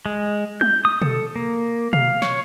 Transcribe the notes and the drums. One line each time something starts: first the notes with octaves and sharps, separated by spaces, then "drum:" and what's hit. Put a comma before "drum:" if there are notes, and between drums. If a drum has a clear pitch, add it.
G#3
G6, drum: tom G3
D#6
A4, drum: tom B2
A#3
F5, drum: tom B2
C#5, drum: snare